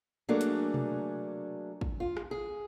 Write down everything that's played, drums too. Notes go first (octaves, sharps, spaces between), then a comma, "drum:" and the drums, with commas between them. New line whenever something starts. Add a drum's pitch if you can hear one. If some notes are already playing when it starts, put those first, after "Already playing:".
F#3 A3 A#3 D4 G#4
drum: hi-hat
drum: tom B2
drum: kick
F4
drum: rim click
G#4